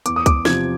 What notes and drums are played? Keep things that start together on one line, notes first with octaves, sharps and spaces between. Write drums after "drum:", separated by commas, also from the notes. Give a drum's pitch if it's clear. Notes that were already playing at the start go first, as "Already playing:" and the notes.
E2 D6, drum: hi-hat
D#6
D6, drum: kick C#2, hi-hat
C3 F3 G#6, drum: snare